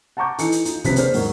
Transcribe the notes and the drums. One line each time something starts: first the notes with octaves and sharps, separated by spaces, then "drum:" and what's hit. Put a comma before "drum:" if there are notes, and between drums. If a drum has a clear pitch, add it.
F#5 A5 A#5 C#6 D6 G6
E3 D#4 A4 B4 C#7, drum: hi-hat
drum: hi-hat
D#4 F4, drum: hi-hat
C3 F3 C#4 B4 C5 B6, drum: kick, hi-hat
C#3 A#3 D4 C5 D5 F6, drum: hi-hat
D#2 G#2 D#3 F#3 G#3, drum: open hi-hat